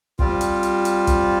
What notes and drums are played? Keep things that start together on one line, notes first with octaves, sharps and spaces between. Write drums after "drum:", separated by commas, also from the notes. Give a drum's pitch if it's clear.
G3 C4 F4, drum: kick
drum: hi-hat
drum: hi-hat
drum: hi-hat
drum: kick, hi-hat